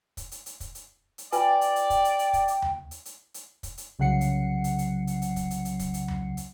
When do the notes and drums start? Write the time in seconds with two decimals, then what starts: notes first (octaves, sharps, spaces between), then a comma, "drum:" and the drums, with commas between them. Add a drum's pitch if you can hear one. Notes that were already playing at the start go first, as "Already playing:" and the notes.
0.17 drum: kick, hi-hat
0.32 drum: hi-hat
0.46 drum: hi-hat
0.60 drum: kick, hi-hat
0.75 drum: hi-hat
1.18 drum: hi-hat
1.32 F4 B4 D5 G5 G#5, drum: hi-hat
1.61 drum: hi-hat
1.76 drum: hi-hat
1.90 drum: kick, hi-hat
2.05 drum: hi-hat
2.19 drum: hi-hat
2.33 drum: kick, hi-hat
2.48 drum: hi-hat
2.62 drum: tom D#2
2.91 drum: hi-hat
3.05 drum: hi-hat
3.34 drum: hi-hat
3.63 drum: kick, hi-hat
3.78 drum: hi-hat
3.99 C2 C#3 F#3 F#5 C7 C#7
4.21 drum: hi-hat
4.64 drum: hi-hat
4.78 drum: hi-hat
5.07 drum: hi-hat
5.22 drum: hi-hat
5.36 drum: kick, hi-hat
5.51 drum: hi-hat
5.65 drum: hi-hat
5.79 drum: kick, hi-hat
5.94 drum: hi-hat
6.08 drum: tom D#2
6.37 drum: hi-hat